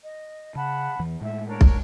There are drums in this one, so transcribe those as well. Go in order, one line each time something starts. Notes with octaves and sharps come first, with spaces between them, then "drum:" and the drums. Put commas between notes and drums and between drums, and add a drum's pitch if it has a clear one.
D#5
C#3 F#5 A5 B5
E2 E3
A2 G#3 E5
D4 A#4 C#5
drum: kick B1